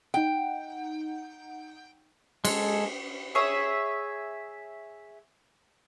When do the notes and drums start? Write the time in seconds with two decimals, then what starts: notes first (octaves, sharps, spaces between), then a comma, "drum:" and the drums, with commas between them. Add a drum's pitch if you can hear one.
0.14 D#4 F#5 G5
2.45 G#3 A4, drum: cymbal
3.35 G#4 C#5 E5